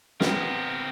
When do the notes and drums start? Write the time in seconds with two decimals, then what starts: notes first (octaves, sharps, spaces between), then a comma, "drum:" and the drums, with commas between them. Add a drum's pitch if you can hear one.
0.21 B3 C4 A#4, drum: snare